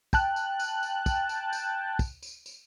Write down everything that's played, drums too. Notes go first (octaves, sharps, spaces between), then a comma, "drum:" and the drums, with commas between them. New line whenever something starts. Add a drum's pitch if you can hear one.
G5 A5 F#6, drum: kick, tambourine
drum: tambourine
drum: tambourine
drum: tambourine
drum: kick, tambourine
drum: tambourine
drum: tambourine
drum: kick, tambourine
drum: tambourine
drum: tambourine